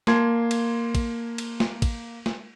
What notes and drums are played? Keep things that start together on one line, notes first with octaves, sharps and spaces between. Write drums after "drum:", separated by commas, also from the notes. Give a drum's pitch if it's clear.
A#3 A5 C6 G#6, drum: snare
drum: cymbal
drum: kick, cymbal
drum: cymbal
drum: snare
drum: kick, cymbal
drum: snare